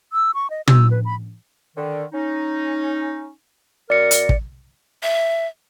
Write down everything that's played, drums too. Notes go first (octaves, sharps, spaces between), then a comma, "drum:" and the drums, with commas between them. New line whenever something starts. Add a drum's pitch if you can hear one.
E6
C#6
D#5
E6, drum: tom
B4
B5
D3 D#3
C#4 D#4
F#2 A#4 D5 C#7
drum: hi-hat
drum: kick
E5